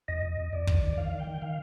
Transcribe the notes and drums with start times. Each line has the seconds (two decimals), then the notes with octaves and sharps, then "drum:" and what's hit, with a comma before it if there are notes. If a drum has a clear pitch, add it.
0.08 F2 D#5
0.23 F2
0.37 F2
0.53 F2 D5
0.67 D#3, drum: kick
0.82 D#3
0.97 D#3 F5
1.12 D#3
1.20 G5
1.27 D#3
1.42 D#3 F5